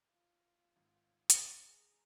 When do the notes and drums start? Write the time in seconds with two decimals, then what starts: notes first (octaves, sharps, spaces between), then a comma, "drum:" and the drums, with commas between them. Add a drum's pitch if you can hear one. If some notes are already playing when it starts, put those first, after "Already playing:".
0.11 F4
0.76 G#1 G#2
1.30 drum: hi-hat
1.66 G#4 A#5